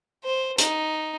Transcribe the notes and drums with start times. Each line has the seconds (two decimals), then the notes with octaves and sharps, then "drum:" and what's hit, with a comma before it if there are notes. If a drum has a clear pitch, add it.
0.24 C5
0.58 D#4, drum: hi-hat